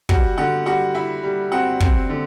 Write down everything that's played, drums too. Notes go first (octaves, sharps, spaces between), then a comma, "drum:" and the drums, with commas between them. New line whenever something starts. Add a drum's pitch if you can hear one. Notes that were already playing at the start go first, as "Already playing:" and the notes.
G3 F#4 F#5, drum: kick
D3 F#4 F#5
G3 F#4 F#5
E4 E5
G3
C4 F#4 F#5
C4, drum: kick
D3